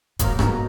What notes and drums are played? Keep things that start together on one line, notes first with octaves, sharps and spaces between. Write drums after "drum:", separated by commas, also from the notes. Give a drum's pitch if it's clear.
G#2 B2 F#3 A#3 D#4 A#4, drum: kick, hi-hat
G#2, drum: rim click